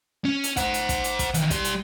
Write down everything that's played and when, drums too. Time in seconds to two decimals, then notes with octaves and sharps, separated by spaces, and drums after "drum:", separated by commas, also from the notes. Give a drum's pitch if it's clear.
0.25 C#4
0.44 drum: hi-hat
0.57 C5 F#5, drum: kick, hi-hat
0.74 drum: hi-hat
0.89 drum: kick, hi-hat
1.04 drum: hi-hat
1.19 drum: kick, hi-hat
1.34 D#3 E3, drum: hi-hat
1.50 G3 C6, drum: kick, hi-hat
1.64 drum: hi-hat